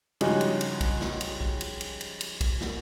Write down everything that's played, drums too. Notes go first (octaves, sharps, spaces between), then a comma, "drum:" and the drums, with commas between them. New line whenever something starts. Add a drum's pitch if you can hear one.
G2 C#3 F3 G#3 D#4 F#4, drum: cymbal
drum: cymbal
drum: cymbal
drum: kick, cymbal
drum: snare
drum: cymbal
drum: kick
drum: cymbal
drum: cymbal
drum: cymbal
drum: cymbal
drum: kick, cymbal
drum: snare